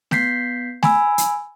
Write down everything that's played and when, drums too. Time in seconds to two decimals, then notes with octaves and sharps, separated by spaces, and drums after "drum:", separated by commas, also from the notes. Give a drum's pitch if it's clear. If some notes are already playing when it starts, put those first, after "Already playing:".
0.11 B3 G6 B6 C7, drum: snare A3
0.83 G#5 B5 E6, drum: snare A3
1.18 drum: hi-hat